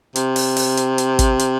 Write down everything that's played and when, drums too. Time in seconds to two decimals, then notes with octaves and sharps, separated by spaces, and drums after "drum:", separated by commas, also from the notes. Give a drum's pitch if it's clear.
0.16 C3, drum: hi-hat
0.36 drum: open hi-hat
0.57 drum: open hi-hat
0.77 drum: hi-hat
0.98 drum: hi-hat
1.19 drum: kick, hi-hat
1.39 drum: hi-hat